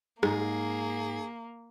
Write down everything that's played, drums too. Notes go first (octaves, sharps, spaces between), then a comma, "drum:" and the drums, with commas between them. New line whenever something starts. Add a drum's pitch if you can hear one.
G#2 A#3 D#4 G#4, drum: rim click